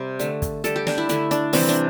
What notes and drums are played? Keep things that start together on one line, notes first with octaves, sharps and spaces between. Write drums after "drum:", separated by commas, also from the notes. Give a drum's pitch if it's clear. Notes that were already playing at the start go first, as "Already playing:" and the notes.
Already playing: C3 G3 C5
D3 A3, drum: hi-hat
drum: kick, hi-hat
D3 G3 A4, drum: hi-hat
G4
D4, drum: snare
E4
D3 A3 E4, drum: hi-hat
D4, drum: hi-hat
C3 E3 G3 C4, drum: open hi-hat
D4